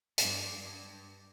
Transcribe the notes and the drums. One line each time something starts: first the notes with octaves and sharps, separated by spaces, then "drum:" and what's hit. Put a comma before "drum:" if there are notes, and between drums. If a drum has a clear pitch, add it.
G2, drum: hi-hat
G2